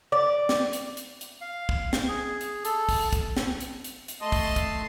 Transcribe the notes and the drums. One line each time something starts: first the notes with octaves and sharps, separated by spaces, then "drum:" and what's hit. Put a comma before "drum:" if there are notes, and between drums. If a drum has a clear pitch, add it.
D5
drum: snare
drum: hi-hat
drum: hi-hat
drum: hi-hat
F5
drum: kick
drum: snare
G#4
drum: hi-hat
A4, drum: hi-hat
drum: kick, open hi-hat
drum: kick, hi-hat
drum: snare
drum: hi-hat
drum: hi-hat
drum: hi-hat
A3 D#5 A5 C6
drum: kick, open hi-hat
drum: kick, hi-hat